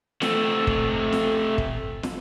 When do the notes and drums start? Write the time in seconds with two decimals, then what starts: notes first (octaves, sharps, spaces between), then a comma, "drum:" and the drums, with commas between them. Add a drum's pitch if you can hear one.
0.22 A3 C4, drum: snare
0.67 drum: kick
1.12 drum: snare
1.58 drum: kick
2.03 drum: snare